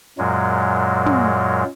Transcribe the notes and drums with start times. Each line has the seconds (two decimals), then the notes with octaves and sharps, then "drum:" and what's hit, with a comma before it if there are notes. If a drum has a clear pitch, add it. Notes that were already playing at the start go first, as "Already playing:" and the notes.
0.18 F#2 A#2 F#3 G#3
1.06 drum: tom